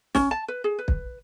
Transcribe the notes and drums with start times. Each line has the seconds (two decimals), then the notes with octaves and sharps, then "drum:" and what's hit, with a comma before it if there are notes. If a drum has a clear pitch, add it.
0.15 C#4, drum: snare
0.31 A5
0.48 B4
0.64 G#4
0.79 B4
0.88 drum: kick